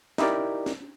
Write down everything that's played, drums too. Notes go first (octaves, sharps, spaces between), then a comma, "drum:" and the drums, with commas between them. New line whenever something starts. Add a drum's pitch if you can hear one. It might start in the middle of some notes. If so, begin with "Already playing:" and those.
D#4 E4 G4 A#4 D5, drum: snare
drum: snare